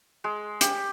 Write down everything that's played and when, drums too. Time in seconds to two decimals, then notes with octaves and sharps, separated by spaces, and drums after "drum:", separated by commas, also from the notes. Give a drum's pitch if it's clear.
0.24 G#3
0.61 G4, drum: hi-hat